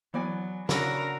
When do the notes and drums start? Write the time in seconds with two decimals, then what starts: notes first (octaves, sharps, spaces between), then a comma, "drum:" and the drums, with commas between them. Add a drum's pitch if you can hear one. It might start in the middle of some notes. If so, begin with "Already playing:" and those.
0.14 E3 F#3 B3 D5 G#5
0.69 C#3 D4 F#4 A#4 B5 E6, drum: snare